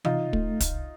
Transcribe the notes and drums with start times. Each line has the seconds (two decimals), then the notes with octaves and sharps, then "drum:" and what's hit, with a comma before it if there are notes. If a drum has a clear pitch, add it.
0.05 C3 D#4 F4, drum: tom E3
0.33 A3, drum: kick
0.60 C2, drum: kick, hi-hat